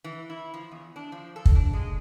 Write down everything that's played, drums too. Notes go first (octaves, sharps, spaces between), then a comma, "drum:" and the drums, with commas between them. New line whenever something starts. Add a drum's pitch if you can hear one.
E3
E4
F3
E2
D4
F3
A4
drum: kick
D4
G#3